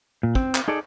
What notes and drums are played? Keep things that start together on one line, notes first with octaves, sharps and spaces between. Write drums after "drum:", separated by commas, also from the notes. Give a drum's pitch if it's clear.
A#2
C4, drum: kick
drum: clap
D#4 G#4 A4 D5